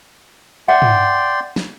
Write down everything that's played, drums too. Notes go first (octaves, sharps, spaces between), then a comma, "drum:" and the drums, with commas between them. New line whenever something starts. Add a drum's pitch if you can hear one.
D5 E5 F#5 G5 C6
drum: tom
drum: snare